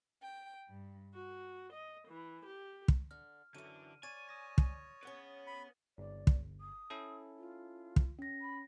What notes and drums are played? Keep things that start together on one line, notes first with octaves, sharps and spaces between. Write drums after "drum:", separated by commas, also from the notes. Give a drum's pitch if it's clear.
G5
G2
F#4
D#5
E3
G4
drum: kick
D3 F6
F#2 D3 E3 D#7
C#5 D5 G#5 G#6 A6 D#7
D#6 A#6 D#7
drum: kick
C#3 C#4 B4 F#5
B5
G1 D5
drum: kick
D#6
C#4 E4 A4
F4
drum: kick
C#4 A#6
B5